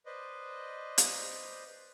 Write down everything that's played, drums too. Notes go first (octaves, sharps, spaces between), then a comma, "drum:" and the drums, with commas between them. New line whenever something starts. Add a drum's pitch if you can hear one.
B4 C5 D5 D#5
drum: hi-hat